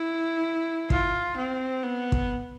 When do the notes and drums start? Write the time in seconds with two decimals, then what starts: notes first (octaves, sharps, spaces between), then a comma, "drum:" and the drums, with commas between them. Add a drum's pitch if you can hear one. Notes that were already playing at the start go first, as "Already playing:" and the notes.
Already playing: E4
0.90 F4, drum: kick
1.37 C4
1.83 B3
2.12 drum: kick